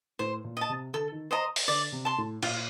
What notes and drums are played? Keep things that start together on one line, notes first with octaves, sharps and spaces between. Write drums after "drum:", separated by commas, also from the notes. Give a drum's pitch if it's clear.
A2 C5
A#2
D#5 A5
C3
D3 A4
D#3
C5 D#5 A#5
drum: open hi-hat
D3 D5
C3
A5 C6
A2
A#2 F4, drum: cymbal